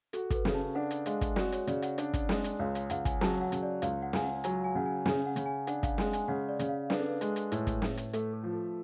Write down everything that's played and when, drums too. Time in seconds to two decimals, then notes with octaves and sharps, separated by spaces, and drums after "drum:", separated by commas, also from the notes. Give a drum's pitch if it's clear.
0.13 F#4 A4, drum: hi-hat
0.30 A4, drum: kick, hi-hat
0.35 B4
0.45 C#3, drum: snare
0.54 A5
0.75 D4 F#5
0.91 drum: hi-hat
1.06 G#3 F5, drum: hi-hat
1.21 drum: kick, hi-hat
1.36 F#4 D5, drum: snare
1.52 C#5, drum: hi-hat
1.67 C#3 D5, drum: hi-hat
1.82 F#5, drum: hi-hat
1.98 D4 D5, drum: hi-hat
2.14 drum: kick, hi-hat
2.29 G#3, drum: snare
2.44 drum: hi-hat
2.59 C#2 C#5
2.75 F5, drum: hi-hat
2.90 C#2 F#5, drum: hi-hat
3.05 G#5, drum: kick, hi-hat
3.21 F#3 A5, drum: snare
3.42 F#5
3.52 C#3, drum: hi-hat
3.63 D5
3.82 C#2 F5, drum: hi-hat
4.02 F#5
4.13 C#2 G#5, drum: snare
4.23 F#5
4.44 F#3 G#5, drum: hi-hat
4.64 G#5
4.75 C#3 F#5
4.86 G#5
5.06 C#3 G#5, drum: snare
5.26 F#5
5.36 C#3, drum: hi-hat
5.46 G#5
5.67 D4 F#5, drum: hi-hat
5.83 F5, drum: kick, hi-hat
5.98 G#3 G#5, drum: snare
6.13 G#5, drum: hi-hat
6.28 C#3 F#5
6.49 D5
6.59 C#3, drum: hi-hat
6.69 F5
6.90 D4 B4, drum: snare
6.99 A4
7.08 B4
7.21 G#3, drum: hi-hat
7.36 drum: hi-hat
7.52 A2, drum: hi-hat
7.67 drum: kick, hi-hat
7.82 A2, drum: snare
7.97 drum: hi-hat
8.13 A3 A4, drum: hi-hat
8.33 A4
8.43 F3
8.53 A4